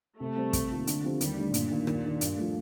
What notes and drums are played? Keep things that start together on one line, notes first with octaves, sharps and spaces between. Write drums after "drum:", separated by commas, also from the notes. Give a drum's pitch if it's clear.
C3 A3
G3 C4
C3, drum: kick, hi-hat
D#3 A#3 F4
D3, drum: hi-hat
F3 C4 G4
D#2 G3, drum: hi-hat
D3 A3 D4
G2 A#2, drum: hi-hat
D#3 A#3
D#2, drum: rim click
D#3 A#3 D4
G2, drum: hi-hat
F3 A3